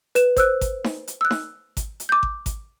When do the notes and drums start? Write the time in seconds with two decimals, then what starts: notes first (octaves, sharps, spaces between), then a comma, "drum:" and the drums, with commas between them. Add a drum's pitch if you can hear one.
0.15 B4 E7, drum: hi-hat
0.37 C5 E6 F#6, drum: kick G#1, hi-hat
0.61 drum: kick G#1, hi-hat
0.84 drum: snare D#4
1.07 drum: hi-hat
1.21 E6 F#6
1.31 drum: snare D#4
1.77 drum: kick G#1, hi-hat
2.00 drum: hi-hat
2.09 D6 G6
2.23 drum: kick G#1
2.46 drum: kick G#1, hi-hat